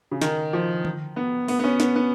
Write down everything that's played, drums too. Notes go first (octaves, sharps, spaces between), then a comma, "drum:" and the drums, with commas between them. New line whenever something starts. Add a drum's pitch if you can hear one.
C#3
D#3, drum: snare
F3
drum: tom D3
B3
B3, drum: open hi-hat
B3
C#4
B3, drum: snare
B3